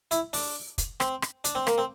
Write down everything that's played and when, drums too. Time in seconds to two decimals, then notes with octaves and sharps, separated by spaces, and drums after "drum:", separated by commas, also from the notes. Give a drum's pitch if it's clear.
0.11 E4, drum: hi-hat
0.33 D4, drum: open hi-hat
0.78 drum: kick, hi-hat
1.00 C4, drum: rim click
1.22 drum: rim click
1.44 D4, drum: hi-hat
1.55 C4
1.67 A#3, drum: rim click
1.78 C4